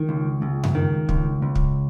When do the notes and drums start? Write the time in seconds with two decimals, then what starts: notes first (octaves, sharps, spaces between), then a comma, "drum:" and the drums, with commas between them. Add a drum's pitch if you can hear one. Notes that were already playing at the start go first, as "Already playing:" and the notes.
Already playing: D#3
0.09 C#2
0.42 C#2
0.64 drum: tom F#2
0.75 D#3
1.09 C#2, drum: kick
1.42 C#2
1.55 drum: kick